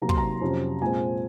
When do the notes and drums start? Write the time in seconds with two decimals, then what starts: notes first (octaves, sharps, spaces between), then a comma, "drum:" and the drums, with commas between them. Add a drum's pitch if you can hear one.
0.02 C3 F#3 A#3 A#5
0.09 C6, drum: kick
0.18 A#5
0.41 F2 C3 F#3 C#4
0.82 A#2 G#3 C4 G#5